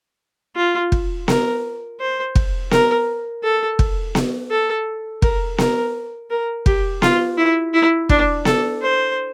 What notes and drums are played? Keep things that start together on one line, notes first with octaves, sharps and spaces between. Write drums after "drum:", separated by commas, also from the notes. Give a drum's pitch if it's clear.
F4
drum: kick
A#4, drum: snare B3
C5
drum: kick
A#4, drum: snare B3
A4
drum: kick
drum: snare B3
A4
A#4, drum: kick
A#4, drum: snare B3
A#4
G4, drum: kick
F4, drum: snare B3
E4
E4
D4, drum: kick
A4, drum: snare B3
C5